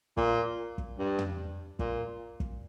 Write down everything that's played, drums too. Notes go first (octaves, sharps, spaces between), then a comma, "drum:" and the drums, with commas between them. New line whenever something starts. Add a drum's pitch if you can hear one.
A#2, drum: kick
drum: kick
G2
drum: tom
A#2, drum: kick
drum: kick